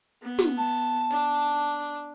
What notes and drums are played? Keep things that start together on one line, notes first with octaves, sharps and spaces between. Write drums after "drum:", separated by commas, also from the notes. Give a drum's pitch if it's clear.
B3
drum: snare
A5
D4, drum: hi-hat